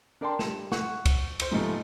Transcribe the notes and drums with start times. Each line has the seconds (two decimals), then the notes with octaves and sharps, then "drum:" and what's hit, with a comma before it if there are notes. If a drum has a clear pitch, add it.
0.21 D4 A#4 D5 G5 A5 C6
0.39 G3 E7, drum: snare
0.72 F#5 C#6 F#6, drum: snare
1.06 drum: kick, cymbal
1.40 C5 C#7, drum: cymbal
1.51 G#2 C3 F3 G#3 A3 B3